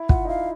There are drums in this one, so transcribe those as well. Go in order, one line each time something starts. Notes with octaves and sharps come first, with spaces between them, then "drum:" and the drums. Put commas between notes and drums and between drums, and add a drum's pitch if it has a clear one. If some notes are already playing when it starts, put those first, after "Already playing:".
Already playing: E4
F4 F#5, drum: kick
D#4
E4 F5